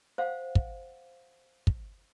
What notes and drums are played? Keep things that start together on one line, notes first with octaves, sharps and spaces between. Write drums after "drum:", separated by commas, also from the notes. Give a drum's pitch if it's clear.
C5 F5 F#5
drum: kick
drum: kick